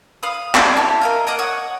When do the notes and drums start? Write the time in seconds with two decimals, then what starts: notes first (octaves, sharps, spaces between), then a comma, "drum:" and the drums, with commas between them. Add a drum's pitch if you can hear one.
0.23 F5 B5 D#6
0.55 drum: clap
0.77 E4 A4 C#5
1.01 A#4 D#5 F5
1.27 A#3 D#5 F#5 D6
1.39 C#5 F#5 D#6